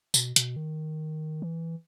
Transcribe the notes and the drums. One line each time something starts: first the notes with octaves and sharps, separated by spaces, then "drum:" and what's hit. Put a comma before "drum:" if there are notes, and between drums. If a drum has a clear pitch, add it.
B2, drum: tambourine
B2, drum: hi-hat
D#3
E3